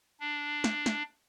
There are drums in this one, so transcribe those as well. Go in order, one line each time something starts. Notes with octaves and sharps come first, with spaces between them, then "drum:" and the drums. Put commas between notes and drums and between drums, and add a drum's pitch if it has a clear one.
D4
drum: snare
drum: snare